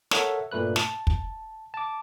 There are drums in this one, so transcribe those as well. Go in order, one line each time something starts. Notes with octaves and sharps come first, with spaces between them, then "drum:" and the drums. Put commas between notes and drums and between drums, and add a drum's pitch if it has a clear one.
A4 A#4 C#5 E5 F#5, drum: snare
G2 A#2 A3 B4 F#6
A5, drum: snare
drum: kick
A5 D6